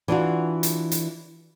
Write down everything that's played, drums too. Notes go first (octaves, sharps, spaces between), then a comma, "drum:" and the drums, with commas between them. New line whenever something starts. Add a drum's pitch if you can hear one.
E3 D4 F4 F#4
drum: hi-hat
drum: hi-hat